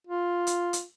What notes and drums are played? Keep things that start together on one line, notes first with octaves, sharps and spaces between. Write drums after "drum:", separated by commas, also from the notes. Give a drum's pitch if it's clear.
F4
drum: hi-hat
drum: hi-hat